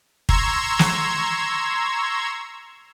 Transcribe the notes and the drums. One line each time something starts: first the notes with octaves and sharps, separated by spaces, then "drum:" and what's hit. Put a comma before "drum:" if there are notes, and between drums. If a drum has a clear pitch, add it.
A#5 C6 C#6 E6 G#6, drum: kick
drum: snare